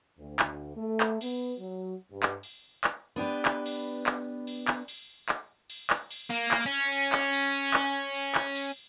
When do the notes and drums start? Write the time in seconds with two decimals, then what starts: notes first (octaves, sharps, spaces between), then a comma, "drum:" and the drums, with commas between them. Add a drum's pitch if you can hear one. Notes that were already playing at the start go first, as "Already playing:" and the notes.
0.19 D2
0.39 drum: clap
0.76 A3
1.00 drum: clap
1.21 B3, drum: cymbal
1.58 F#3
2.11 G2
2.23 drum: clap
2.43 drum: cymbal
2.84 drum: clap
3.16 B3 D4 G4 B4
3.45 drum: clap
3.66 drum: cymbal
4.06 drum: clap
4.47 drum: cymbal
4.68 drum: clap
4.88 drum: cymbal
5.29 drum: clap
5.70 drum: cymbal
5.90 drum: clap
6.10 drum: cymbal
6.30 A#3
6.51 drum: clap
6.66 C#4
6.92 drum: cymbal
7.12 drum: clap
7.33 drum: cymbal
7.74 drum: clap
8.14 drum: cymbal
8.35 drum: clap
8.55 drum: cymbal